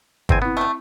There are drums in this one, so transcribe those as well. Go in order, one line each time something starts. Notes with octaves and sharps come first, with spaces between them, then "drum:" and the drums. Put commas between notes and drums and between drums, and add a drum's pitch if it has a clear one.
E2 C4 G#5, drum: kick
B3 C4 E4
G3 A3